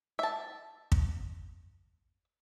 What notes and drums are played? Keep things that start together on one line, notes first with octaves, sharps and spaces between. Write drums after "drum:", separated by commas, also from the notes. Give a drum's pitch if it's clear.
E5 A5
drum: kick